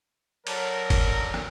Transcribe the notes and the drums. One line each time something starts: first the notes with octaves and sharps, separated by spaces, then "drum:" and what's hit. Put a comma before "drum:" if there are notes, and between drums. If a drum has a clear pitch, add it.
F#3 A4 A#4 D5, drum: cymbal
drum: kick, cymbal
drum: rim click